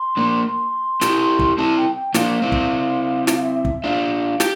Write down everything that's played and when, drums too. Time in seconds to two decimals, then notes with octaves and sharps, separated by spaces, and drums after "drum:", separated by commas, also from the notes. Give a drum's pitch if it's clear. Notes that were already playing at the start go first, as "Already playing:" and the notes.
Already playing: C6
0.17 A#3 D4
0.46 C6
1.01 E4 G4, drum: snare
1.39 drum: kick
1.58 C4 E4 A5
1.77 G5
1.95 G5
2.14 A#3 D4 F5, drum: snare
2.42 C4 E4
2.52 drum: kick
3.27 E5, drum: snare
3.35 F5
3.43 E5
3.55 E5
3.65 drum: kick
3.84 D4 F4 F5
4.40 G4, drum: snare